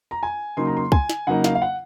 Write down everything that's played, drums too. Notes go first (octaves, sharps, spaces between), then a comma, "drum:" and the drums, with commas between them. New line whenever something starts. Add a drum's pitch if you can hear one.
A#5
G#5
C#3 F#3 A#3 D#4 C6
A#5
C6
G#5, drum: kick
drum: snare
C#3 F#3 A#3 D#4 F#5
F5, drum: snare
F5
F#5